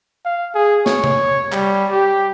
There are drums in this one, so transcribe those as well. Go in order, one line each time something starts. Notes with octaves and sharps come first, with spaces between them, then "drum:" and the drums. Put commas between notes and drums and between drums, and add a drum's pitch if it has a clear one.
F5
G#4
C#5, drum: snare
drum: tom C3
G3, drum: clap
G4